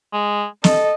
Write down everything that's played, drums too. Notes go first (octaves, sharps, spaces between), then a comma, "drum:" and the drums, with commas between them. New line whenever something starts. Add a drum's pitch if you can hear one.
G#3
A4 D#5, drum: snare